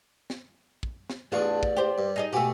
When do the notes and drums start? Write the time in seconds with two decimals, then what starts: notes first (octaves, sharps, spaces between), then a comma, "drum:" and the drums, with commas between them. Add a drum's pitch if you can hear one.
0.30 drum: snare
0.83 drum: kick
1.10 drum: snare
1.32 A1 E2 D4 F4 G#4 D5 C#6
1.63 drum: kick
1.77 G4 C5
1.98 G2
2.16 D#4 G#4 D#5
2.33 B2 A3 F#4 G4 G#5